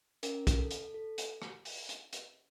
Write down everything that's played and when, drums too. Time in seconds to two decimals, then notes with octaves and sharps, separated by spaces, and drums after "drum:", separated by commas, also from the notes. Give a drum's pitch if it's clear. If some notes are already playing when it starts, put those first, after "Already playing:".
0.23 C#4 A#4, drum: hi-hat
0.47 drum: kick, hi-hat
0.59 A4
0.71 drum: hi-hat
0.94 A4
1.18 drum: hi-hat
1.42 drum: rim click
1.65 drum: open hi-hat
1.89 drum: hi-hat
2.13 drum: hi-hat